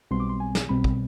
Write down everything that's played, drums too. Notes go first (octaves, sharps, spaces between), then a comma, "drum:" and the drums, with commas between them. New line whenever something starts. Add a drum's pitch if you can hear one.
B1 B2 G3 C4 C6
D6
C6
G#5
drum: snare
B1 B2 G3 C4 B5
drum: kick